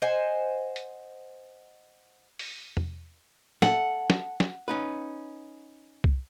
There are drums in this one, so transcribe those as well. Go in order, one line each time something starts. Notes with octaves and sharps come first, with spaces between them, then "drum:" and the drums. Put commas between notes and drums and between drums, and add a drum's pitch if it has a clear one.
C5 D#5 F#5 G#5
drum: hi-hat
drum: open hi-hat
drum: tom E2
A4 F#5, drum: snare
drum: snare
drum: snare
C#4 D#4 B4
drum: kick C2